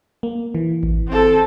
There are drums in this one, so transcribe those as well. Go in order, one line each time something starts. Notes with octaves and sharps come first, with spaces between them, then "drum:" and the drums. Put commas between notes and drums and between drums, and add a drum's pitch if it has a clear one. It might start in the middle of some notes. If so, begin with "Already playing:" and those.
A#3
E3
drum: kick G#1
C4 A4